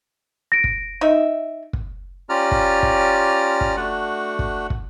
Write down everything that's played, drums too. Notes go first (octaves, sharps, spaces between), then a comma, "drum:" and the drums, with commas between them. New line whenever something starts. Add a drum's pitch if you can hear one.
A#6 D7
drum: kick
D#4 E5
drum: kick
C#4 F4 G4 D5 A#5 F6
drum: kick
drum: kick
drum: kick
A3 D4 F#4 F#5
drum: kick
drum: kick